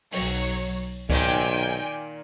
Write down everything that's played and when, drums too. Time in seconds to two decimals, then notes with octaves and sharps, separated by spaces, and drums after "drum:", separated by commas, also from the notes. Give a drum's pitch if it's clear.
0.13 B1 F#3 C#5, drum: open hi-hat
1.10 B1 A#2 D#3 G5 G#5, drum: kick C#2